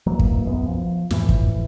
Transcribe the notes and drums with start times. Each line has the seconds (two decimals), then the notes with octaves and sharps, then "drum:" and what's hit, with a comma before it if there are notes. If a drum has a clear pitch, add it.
0.06 D1 E3 F#3 A#3
0.19 drum: kick
0.46 D1 B1 F#2 B3
0.67 F3
1.11 F2 A2 E3, drum: snare
1.29 drum: kick